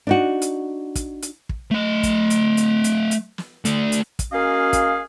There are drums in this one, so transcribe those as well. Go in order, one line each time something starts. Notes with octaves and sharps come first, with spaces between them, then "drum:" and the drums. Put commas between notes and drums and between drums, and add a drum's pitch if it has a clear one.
D4 D#4 F#4
drum: hi-hat
drum: kick, hi-hat
drum: hi-hat
drum: kick
A3 D#5
drum: kick, hi-hat
drum: hi-hat
drum: hi-hat
drum: hi-hat
drum: hi-hat
drum: snare
A3 D5, drum: hi-hat
drum: hi-hat
drum: kick, hi-hat
A#3 C#4 F#4 G#4 D#5 F5
drum: kick, hi-hat